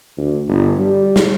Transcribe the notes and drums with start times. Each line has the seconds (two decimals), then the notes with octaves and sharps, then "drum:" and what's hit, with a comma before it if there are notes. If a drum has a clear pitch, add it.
0.18 D2
0.49 G1
0.79 G3
1.16 drum: snare